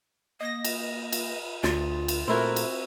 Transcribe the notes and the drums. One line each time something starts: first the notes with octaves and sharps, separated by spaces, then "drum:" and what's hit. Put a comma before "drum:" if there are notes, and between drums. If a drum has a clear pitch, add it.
A#3 D#5 A#6
drum: cymbal
drum: cymbal
D2 F4, drum: snare
drum: cymbal
A#2 A3 C4 E4 F#4 A#4
drum: cymbal